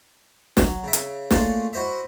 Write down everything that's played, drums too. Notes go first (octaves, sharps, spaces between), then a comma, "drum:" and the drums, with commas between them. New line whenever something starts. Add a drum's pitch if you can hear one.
F#3, drum: snare
C#3 E5
drum: hi-hat
A3 A#3 C#4 D4 F4 G#4, drum: snare
E4 F#4 C5 D#5 E5